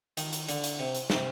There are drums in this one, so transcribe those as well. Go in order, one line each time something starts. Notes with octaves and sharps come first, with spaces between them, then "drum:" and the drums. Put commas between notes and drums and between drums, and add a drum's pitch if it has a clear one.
D#3, drum: hi-hat
drum: hi-hat
D3, drum: hi-hat
drum: hi-hat
C3
drum: hi-hat
C3, drum: snare